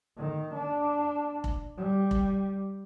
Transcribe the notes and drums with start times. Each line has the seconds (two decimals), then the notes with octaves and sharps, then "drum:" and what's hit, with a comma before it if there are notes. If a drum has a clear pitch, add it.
0.17 D#3
0.55 D4
1.44 drum: kick
1.77 G3
2.11 drum: kick